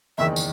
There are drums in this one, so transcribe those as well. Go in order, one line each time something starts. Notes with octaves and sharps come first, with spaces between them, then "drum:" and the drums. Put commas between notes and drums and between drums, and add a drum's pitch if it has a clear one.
F#1 E2 D#3 E5
drum: tambourine